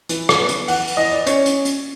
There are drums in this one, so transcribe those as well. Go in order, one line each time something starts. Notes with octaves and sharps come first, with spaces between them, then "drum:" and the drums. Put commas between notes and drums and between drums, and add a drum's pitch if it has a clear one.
E3, drum: hi-hat
drum: rim click
B3
drum: hi-hat
E3 F#5, drum: open hi-hat
drum: open hi-hat
E3 D#5
D5
C#4 C#5, drum: hi-hat
drum: hi-hat
drum: hi-hat